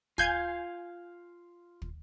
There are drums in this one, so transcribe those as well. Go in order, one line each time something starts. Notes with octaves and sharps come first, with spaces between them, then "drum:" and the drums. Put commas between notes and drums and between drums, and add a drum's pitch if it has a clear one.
F4 F5 G#5 G6 G#6, drum: kick
drum: kick